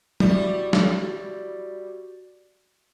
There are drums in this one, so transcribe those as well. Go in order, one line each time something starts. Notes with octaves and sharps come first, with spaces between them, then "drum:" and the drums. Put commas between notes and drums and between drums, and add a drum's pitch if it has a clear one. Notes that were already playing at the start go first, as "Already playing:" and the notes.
G3 E4 F#4 D5, drum: tom
drum: snare